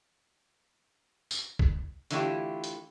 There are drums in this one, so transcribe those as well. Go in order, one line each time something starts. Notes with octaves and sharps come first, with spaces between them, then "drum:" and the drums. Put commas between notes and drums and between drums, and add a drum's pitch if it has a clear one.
drum: tambourine
drum: kick
D3 E3 A3 E4 F4 G4, drum: hi-hat
drum: hi-hat